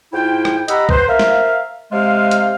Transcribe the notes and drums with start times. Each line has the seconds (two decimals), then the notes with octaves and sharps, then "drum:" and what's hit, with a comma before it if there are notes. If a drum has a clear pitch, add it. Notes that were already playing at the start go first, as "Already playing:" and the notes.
0.13 G#2 E4 F4 G5
0.45 drum: rim click
0.68 G4 D#5 F#5 A#5 B5 E6, drum: hi-hat
0.89 B4 C5, drum: kick C2
1.08 A#4 C5 E5 F5
1.19 drum: snare
1.92 C3 G#3 C5 F5
2.31 drum: hi-hat